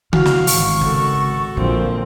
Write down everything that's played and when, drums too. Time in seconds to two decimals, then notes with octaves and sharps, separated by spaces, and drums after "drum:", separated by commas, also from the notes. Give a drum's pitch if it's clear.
0.13 E3 F#4 F5, drum: tom C#3
0.25 drum: snare
0.47 G#1 C#6, drum: open hi-hat
0.81 C#3 F#4 A4
1.57 A#1 D3 F3 C4